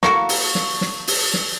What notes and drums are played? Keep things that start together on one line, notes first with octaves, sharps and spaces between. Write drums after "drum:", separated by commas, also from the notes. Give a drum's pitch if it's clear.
A#3 E4 F#4 A4 A#4 F5 C#6, drum: snare
drum: open hi-hat
drum: snare
drum: snare
drum: open hi-hat
drum: snare